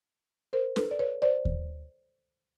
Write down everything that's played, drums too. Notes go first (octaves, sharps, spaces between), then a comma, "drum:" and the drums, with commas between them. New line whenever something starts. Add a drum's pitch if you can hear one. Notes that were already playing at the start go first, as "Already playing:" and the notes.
A#4 C5
A4 B4, drum: snare
D5
B4 C#5
C5 D5
drum: kick D#2